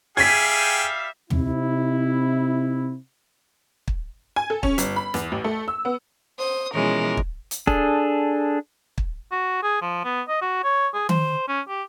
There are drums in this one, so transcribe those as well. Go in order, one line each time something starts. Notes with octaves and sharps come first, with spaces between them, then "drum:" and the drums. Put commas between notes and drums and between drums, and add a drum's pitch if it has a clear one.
G3 G#4 E5 F5 G5 G#5 G#6 B6
C3 C4 D#4 E4, drum: tom
drum: kick
G#5
A4
C#4, drum: kick
G1, drum: hi-hat
B5
E2, drum: snare
A1
A3
E6
B3
C5 D#6
B2 E3 F3 G#3 C#4 A#4
drum: kick
drum: hi-hat
D4 G#4 A4, drum: kick
drum: kick
F#4
G#4
F3
B3
D#5
F#4
C#5
G#4
C5, drum: tom D#3
C#4
G4